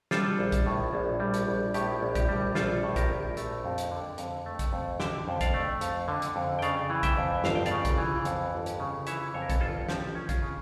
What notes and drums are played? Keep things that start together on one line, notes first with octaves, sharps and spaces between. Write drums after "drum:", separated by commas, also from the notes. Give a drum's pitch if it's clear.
G3 F4 A4, drum: snare
A#1
drum: kick A#1, hi-hat
A2
A#1
G3
drum: hi-hat
A#1
A2 G4, drum: hi-hat
A#1
G4, drum: kick A#1, hi-hat
G3
A#1 F4 A4, drum: snare
A2
G4 A#4, drum: kick A#1, hi-hat
A#1
A3, drum: hi-hat
F2
drum: hi-hat
D3
F2, drum: hi-hat
A3
drum: kick A#1, hi-hat
F2
D3 E5 G5, drum: snare
F2
D5 F5, drum: kick A#1, hi-hat
A3
F2, drum: hi-hat
D3
drum: hi-hat
F2
G5
C#3 D5 F5, drum: hi-hat
E3
E5 G5, drum: kick A#1, hi-hat
F2
G1 F5, drum: snare
G5
D5 F5, drum: hi-hat
C#3
drum: kick A#1, hi-hat
E3
F2, drum: hi-hat
G1
drum: hi-hat
C#3
E3 C#5 E5, drum: hi-hat
F2 C#5
A#4
A4 C#5, drum: kick A#1, hi-hat
G1 F4 A4
F3 G4, drum: snare
C#4
F4, drum: kick A#1, hi-hat
C#3